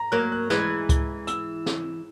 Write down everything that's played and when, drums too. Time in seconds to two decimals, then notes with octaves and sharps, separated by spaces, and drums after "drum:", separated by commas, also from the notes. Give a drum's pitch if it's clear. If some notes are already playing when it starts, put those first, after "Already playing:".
Already playing: A#5
0.12 F#3 A#3 F#6
0.32 F#6
0.50 E3 G#3 F#6, drum: snare
0.59 G#6
0.67 F#6
0.89 drum: kick C#2, hi-hat
1.27 E6, drum: hi-hat
1.66 drum: snare